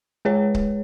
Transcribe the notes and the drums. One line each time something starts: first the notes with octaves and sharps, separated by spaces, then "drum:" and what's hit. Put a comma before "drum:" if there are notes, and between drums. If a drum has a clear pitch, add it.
G#3 G#4 B4 C#5
drum: kick C#1